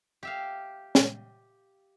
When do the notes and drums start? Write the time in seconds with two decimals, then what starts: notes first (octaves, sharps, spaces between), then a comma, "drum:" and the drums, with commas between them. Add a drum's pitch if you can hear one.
0.23 G4 E5 F5
0.95 drum: snare